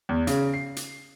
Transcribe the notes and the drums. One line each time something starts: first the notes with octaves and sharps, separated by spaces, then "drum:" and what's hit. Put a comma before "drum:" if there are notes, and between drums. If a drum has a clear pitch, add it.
E2
C#3, drum: hi-hat
C7
drum: hi-hat